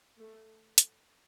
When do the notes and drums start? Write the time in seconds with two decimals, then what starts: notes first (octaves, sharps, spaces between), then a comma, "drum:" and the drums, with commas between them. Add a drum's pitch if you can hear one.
0.20 A3
0.78 drum: hi-hat